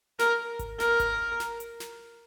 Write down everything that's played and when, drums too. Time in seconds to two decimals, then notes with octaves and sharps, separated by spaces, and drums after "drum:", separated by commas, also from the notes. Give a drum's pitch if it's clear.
0.19 A#4, drum: snare
0.59 drum: kick G#1, hi-hat
0.80 A#4, drum: snare
1.00 drum: kick G#1, hi-hat
1.40 drum: snare
1.60 drum: hi-hat
1.80 drum: snare